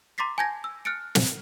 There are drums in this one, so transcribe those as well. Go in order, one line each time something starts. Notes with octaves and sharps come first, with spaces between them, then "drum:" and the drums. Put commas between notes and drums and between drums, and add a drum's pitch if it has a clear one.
A#5 C6 D6 A6 B6 C7
G#5 A5 G6 G#6 A#6
E6
F6 F#6 A6 C#7 D7
drum: snare